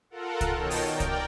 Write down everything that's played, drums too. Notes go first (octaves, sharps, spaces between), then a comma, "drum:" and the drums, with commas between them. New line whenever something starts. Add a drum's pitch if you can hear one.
F4 A4 A#4 F#5
drum: kick C2, hi-hat
B2 D#3 C#5 D#5 G5 A5
drum: open hi-hat
A#4 D5 G5
drum: kick C2, hi-hat